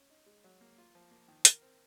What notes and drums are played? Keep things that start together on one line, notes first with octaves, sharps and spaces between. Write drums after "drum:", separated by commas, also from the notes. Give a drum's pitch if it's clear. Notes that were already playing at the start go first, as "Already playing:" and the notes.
Already playing: C#4
D#4
G#3
F#3
A#3
F4
F3
A#3
D#3
A#4, drum: hi-hat
C4